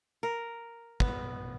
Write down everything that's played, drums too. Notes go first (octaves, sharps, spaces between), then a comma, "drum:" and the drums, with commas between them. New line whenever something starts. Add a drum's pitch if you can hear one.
A#4
B3, drum: kick